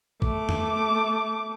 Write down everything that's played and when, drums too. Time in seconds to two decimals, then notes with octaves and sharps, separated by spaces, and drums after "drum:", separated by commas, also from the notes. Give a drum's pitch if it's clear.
0.22 A3 D6, drum: kick A1
0.49 drum: tom E2